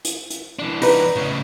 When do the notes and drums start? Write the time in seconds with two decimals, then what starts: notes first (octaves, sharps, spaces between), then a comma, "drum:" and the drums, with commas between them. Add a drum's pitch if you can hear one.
0.05 drum: hi-hat
0.30 drum: hi-hat
0.59 E3 D4
0.82 D#4 B4, drum: open hi-hat
1.16 A2 C#3